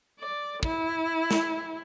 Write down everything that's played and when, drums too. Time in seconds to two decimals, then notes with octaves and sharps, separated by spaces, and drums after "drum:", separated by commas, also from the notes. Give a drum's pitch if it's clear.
0.20 D5
0.63 E4, drum: kick
1.31 drum: snare